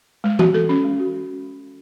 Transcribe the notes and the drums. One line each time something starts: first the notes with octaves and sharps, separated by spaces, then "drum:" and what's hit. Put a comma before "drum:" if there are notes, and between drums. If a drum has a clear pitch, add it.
G#3
F#4, drum: tom E3
A4
C#4
G#3
F#4